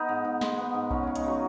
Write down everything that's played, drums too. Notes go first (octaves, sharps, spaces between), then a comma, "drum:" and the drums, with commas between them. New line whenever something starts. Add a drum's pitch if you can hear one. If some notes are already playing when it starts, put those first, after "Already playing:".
Already playing: B3 D#4
G#2
G#2
G#3, drum: snare
B3
G#2
C#4 D#4, drum: kick B1
C#3 C#4
D#4, drum: hi-hat
C#3 F#3 F#4